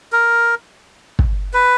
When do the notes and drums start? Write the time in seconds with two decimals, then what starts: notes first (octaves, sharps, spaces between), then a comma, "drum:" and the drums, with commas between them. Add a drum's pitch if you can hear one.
0.12 A#4
1.19 drum: kick
1.54 B4